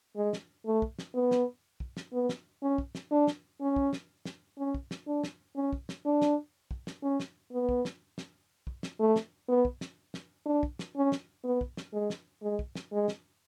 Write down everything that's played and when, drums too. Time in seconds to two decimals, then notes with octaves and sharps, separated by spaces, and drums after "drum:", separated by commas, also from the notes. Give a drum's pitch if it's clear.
0.16 G#3
0.33 drum: snare
0.66 A3
0.82 drum: kick
0.99 drum: snare
1.14 B3
1.31 drum: snare
1.80 drum: kick
1.97 drum: snare
2.13 B3
2.29 drum: snare
2.63 C#4
2.78 drum: kick
2.95 drum: snare
3.12 D4
3.27 drum: snare
3.61 C#4
3.76 drum: kick
3.93 drum: snare
4.25 drum: snare
4.58 C#4
4.75 drum: kick
4.91 drum: snare
5.07 D4
5.24 drum: snare
5.56 C#4
5.73 drum: kick
5.89 drum: snare
6.05 D4
6.22 drum: snare
6.71 drum: kick
6.87 drum: snare
7.03 C#4
7.20 drum: snare
7.52 B3
7.69 drum: kick
7.85 drum: snare
8.18 drum: snare
8.67 drum: kick
8.83 drum: snare
9.00 A3
9.16 drum: snare
9.49 B3
9.65 drum: kick
9.81 drum: snare
10.14 drum: snare
10.46 D4
10.63 drum: kick
10.79 drum: snare
10.96 C#4
11.12 drum: snare
11.44 B3
11.61 drum: kick
11.77 drum: snare
11.93 G#3
12.10 drum: snare
12.42 G#3
12.59 drum: kick
12.75 drum: snare
12.92 G#3
13.08 drum: snare